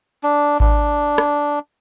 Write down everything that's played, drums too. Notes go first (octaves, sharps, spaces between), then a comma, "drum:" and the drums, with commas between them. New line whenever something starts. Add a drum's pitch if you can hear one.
D4
D4, drum: kick G#1
drum: rim click